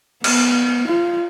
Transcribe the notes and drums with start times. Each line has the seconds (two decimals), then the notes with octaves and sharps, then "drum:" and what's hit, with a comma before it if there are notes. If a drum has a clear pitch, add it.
0.24 B3, drum: cymbal
0.88 F4